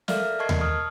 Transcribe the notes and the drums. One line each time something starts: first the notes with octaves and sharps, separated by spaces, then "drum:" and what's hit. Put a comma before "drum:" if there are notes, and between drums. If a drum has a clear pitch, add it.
A4 A#4 D5 E5 F5 F6, drum: snare
A#4 D#5 A5 C#6 G#6 C7
drum: tom D#2
A5 C#6 D#6 F6